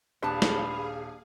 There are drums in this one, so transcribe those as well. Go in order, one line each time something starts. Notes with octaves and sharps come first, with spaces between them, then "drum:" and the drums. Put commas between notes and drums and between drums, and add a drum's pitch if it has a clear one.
D#1 D4 G#4 B4 F5 A5
drum: snare